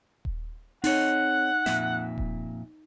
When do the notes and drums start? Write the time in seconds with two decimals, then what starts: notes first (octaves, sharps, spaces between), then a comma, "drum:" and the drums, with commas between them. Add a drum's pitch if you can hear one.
0.25 drum: kick D#1
0.84 C4 D#4 A4 C#5 F#5, drum: open hi-hat
1.66 F2 A#2 E5, drum: snare
2.18 drum: kick D#1